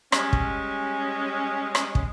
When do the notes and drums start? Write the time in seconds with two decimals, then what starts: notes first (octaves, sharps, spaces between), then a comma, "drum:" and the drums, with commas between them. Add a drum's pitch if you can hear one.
0.12 G3 G#3 C#4, drum: rim click
0.33 drum: kick
1.75 drum: rim click
1.95 drum: kick